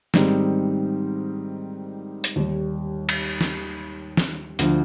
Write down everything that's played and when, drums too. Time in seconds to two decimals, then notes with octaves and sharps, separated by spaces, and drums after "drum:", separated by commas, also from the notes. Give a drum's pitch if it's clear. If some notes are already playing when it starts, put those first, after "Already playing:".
0.14 G#2 D#3 G3 C4 D#4, drum: snare
2.24 drum: hi-hat
2.36 D#2 D#3 G3
3.09 drum: cymbal
3.41 drum: snare
4.17 drum: snare
4.59 D2 D3 F3, drum: hi-hat